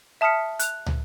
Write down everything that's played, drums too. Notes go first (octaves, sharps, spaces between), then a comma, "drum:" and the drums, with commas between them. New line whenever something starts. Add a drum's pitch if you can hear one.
E5 A5 D#6 F6 B6 C#7
F#6 F7, drum: hi-hat
drum: tom